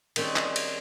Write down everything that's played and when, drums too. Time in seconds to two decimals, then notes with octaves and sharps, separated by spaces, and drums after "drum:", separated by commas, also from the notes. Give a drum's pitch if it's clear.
0.16 D#3 G3 C4 C#4 G#4 D5, drum: cymbal
0.36 drum: clap
0.56 drum: cymbal